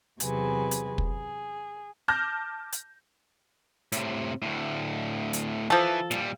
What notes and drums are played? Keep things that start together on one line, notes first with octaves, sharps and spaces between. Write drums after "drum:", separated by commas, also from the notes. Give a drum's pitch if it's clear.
E2 C3 F#3 G#4 B4 G#5, drum: hi-hat
drum: hi-hat
drum: kick
G#4
A5 D6 F6 G6 A#6
drum: hi-hat
A2 C3, drum: hi-hat
D2 A2
drum: hi-hat
E3 F3 A4
A#2 G3, drum: snare